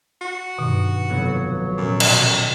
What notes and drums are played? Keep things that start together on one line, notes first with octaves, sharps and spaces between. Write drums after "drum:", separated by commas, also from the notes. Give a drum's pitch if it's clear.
F#4
G2 B2 D#3
F1 F#3 B3 G#6
F#2 A#2
drum: cymbal
F#2 B2